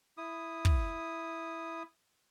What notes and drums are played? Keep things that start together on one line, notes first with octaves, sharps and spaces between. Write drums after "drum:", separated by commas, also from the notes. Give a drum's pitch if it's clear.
E4 D#6
drum: kick